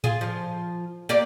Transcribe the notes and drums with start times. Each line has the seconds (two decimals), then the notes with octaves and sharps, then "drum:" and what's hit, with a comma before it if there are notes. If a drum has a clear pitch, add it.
0.04 F4 G#4, drum: tom A2
0.21 F3
1.09 A#3 G4 D5